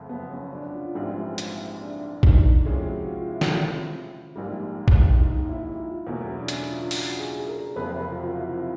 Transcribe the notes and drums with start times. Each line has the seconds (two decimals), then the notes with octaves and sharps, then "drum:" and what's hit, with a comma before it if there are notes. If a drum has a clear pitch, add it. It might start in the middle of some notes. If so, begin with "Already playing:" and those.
Already playing: F#1 F2 C#3 A3
0.09 B3
0.31 C#4
0.53 D4
0.74 F4
0.95 A#1 G#2 E3 G3 C4
1.38 drum: hi-hat
1.81 D4
2.23 D#4, drum: kick
2.65 C3 F3 G#3 C#4 E4
2.86 F#4
3.07 F4
3.29 E4
3.41 drum: snare
4.36 A#1 G#2 D#3 G3 A#3
4.88 drum: kick
5.20 D#4
5.49 E4
5.78 F4
6.07 E2 B2 F#3 A3 F#4
6.27 C#4
6.40 D4
6.48 C#4, drum: hi-hat
6.70 F4
6.91 F#4, drum: open hi-hat
7.19 G#4
7.48 A#4
7.76 F#1 F2 C3 B4
7.97 A#4
8.11 F4
8.19 F#4
8.37 E4
8.40 F4